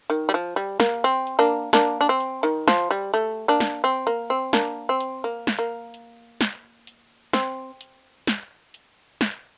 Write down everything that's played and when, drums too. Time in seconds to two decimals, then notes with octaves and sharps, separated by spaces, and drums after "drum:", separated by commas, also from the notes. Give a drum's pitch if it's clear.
0.10 D#3
0.29 G3
0.34 F3
0.56 G3
0.80 A#3, drum: snare
1.04 C4
1.27 drum: hi-hat
1.39 A#3 D4
1.73 A#3 D4, drum: snare
2.01 D4
2.09 C4
2.20 drum: hi-hat
2.43 D#3
2.68 F3, drum: snare
2.91 G3
3.14 A3, drum: hi-hat
3.48 A#3 D4
3.60 drum: snare
3.84 C4
4.07 A#3, drum: hi-hat
4.30 C4
4.53 A#3 D4, drum: snare
4.89 C4
5.01 drum: hi-hat
5.24 A#3
5.47 drum: snare
5.59 A#3
5.94 drum: hi-hat
6.41 drum: snare
6.87 drum: hi-hat
7.33 C4, drum: snare
7.81 drum: hi-hat
8.27 drum: snare
8.74 drum: hi-hat
9.21 drum: snare